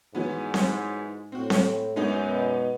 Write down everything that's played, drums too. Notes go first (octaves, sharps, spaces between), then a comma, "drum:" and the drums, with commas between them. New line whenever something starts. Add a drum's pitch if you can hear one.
G#2 E3 F#3 B3
drum: snare C4
A2 C4 F#4
drum: snare C4
F#2 G#3 B3 D#4
B2